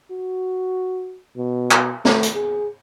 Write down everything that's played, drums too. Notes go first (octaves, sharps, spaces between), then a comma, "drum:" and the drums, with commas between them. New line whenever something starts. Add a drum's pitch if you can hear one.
F#4
B2
drum: clap
A3, drum: snare
drum: hi-hat
G#4